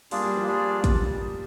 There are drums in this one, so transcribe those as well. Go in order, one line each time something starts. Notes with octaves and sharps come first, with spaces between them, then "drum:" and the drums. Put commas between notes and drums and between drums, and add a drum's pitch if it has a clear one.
G3 A#3 D4 F4 G#4 D5, drum: open hi-hat
G3
F3
G3 D4 F4 G#4 D5
drum: kick, hi-hat